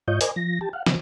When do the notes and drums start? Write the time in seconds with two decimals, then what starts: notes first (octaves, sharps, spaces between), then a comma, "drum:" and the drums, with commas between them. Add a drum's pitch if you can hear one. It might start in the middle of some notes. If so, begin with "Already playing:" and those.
0.08 G#2 F4 C#5 D#5 G6
0.21 A#4 C5 D5 D#5 G#5, drum: hi-hat
0.36 F3 A#6
0.61 G4 A5
0.73 F5 F#5
0.86 C#3 E3 B3, drum: snare